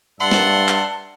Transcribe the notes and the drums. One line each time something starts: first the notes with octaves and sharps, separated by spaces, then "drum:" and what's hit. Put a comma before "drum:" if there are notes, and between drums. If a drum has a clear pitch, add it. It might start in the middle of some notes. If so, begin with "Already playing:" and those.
G2 D5 E5 F#5 A5 C6
drum: snare
drum: clap